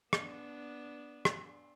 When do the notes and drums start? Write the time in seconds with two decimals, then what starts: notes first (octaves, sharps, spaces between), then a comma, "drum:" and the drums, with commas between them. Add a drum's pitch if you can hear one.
0.13 B3 D4, drum: rim click
1.25 drum: rim click